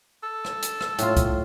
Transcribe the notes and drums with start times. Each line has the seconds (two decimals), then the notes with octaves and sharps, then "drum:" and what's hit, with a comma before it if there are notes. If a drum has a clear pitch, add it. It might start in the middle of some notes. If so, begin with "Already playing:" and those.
0.23 A4
0.45 drum: rim click
0.63 drum: hi-hat
0.81 drum: rim click
0.99 A2 F4, drum: hi-hat
1.17 drum: kick C2, hi-hat